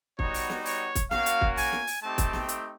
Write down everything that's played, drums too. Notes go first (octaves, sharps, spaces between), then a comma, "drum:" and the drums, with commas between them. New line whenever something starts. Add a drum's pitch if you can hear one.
G3 B3 D#4 F#4 C#5, drum: kick
drum: open hi-hat
drum: snare
C#5, drum: open hi-hat
drum: kick, hi-hat
A#3 C#4 F#4 F5, drum: snare
drum: hi-hat
drum: kick
G#5, drum: open hi-hat
drum: snare
drum: open hi-hat
A3 C4 D#4 G4 A5
drum: kick, hi-hat
drum: snare
drum: hi-hat